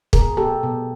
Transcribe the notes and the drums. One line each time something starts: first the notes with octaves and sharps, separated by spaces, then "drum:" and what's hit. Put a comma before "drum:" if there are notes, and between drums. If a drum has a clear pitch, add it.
B2 G#4 A#4, drum: kick
B2 G4 A4
B2